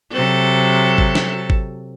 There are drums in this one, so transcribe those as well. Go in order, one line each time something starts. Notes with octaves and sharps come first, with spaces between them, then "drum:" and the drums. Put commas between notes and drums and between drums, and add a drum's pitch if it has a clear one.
C3 F#3 A4
drum: kick G#1
drum: snare
drum: kick G#1